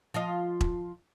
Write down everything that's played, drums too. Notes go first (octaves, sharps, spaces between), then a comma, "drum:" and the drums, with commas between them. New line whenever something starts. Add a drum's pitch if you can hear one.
F3 F4 D#5
drum: kick E1